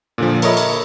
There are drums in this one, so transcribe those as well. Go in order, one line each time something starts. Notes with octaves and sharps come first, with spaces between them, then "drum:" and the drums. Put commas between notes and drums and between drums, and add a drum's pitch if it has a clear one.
A#2 D3 F3
A4 A#4 C#5 D#5 E5 B5, drum: cymbal
drum: cymbal